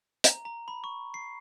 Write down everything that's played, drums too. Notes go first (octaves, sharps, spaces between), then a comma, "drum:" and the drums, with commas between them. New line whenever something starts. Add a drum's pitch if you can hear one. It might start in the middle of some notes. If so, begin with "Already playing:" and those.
A#5, drum: hi-hat
A#5
B5
C#6
C7